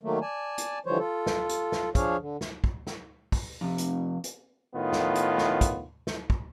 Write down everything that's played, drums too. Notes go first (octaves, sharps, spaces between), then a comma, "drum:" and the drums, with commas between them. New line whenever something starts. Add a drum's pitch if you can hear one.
D#3 F#3 A3 A#3
D5 G#5 A5
drum: hi-hat
D3 E3 F3 G3 C5 C#5
F4 A4
drum: snare
drum: hi-hat
drum: snare
F3 D4 G#4 C#5 F5, drum: kick, hi-hat
D3
drum: snare
drum: kick
drum: snare
drum: kick, open hi-hat
F2 C3
drum: hi-hat
drum: hi-hat
A2 D#3 B3 F4
drum: snare
drum: hi-hat
drum: snare
drum: kick, hi-hat
drum: snare
drum: kick